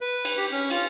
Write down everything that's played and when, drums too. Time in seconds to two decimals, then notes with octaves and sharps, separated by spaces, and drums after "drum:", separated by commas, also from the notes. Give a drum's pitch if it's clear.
0.01 B4
0.25 drum: cymbal
0.37 G4
0.52 C#4
0.70 F4, drum: cymbal